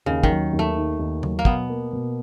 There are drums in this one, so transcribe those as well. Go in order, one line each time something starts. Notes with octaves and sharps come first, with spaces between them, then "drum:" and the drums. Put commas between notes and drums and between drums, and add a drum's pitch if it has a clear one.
D#2 C#3
D#3, drum: kick
F#3
D#2
A3
D#3
D#2
F#3, drum: tom C#3
A#3
B2 B3, drum: kick
A#3
B2